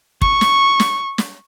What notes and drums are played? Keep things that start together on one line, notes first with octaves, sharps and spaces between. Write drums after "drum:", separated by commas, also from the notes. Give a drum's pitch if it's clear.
C#6, drum: kick
drum: snare
drum: snare
drum: snare